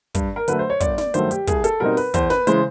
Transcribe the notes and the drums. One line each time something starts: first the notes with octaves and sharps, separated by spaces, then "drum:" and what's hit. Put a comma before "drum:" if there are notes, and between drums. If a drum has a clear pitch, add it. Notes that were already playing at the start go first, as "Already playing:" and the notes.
G2, drum: kick, hi-hat
A#4
D3 F#3 A3 B4, drum: hi-hat
C5
C#5
G1 D5, drum: kick, hi-hat
D5, drum: snare
G2 D#3 F#3 A3 C5, drum: hi-hat
G4, drum: hi-hat
C2 G#4, drum: kick, hi-hat
A4, drum: hi-hat
B2 G3 C4 D#4 A#4
B4, drum: open hi-hat
E2 C5, drum: kick, hi-hat
B4, drum: snare
C#3 E3 G#3 C5, drum: hi-hat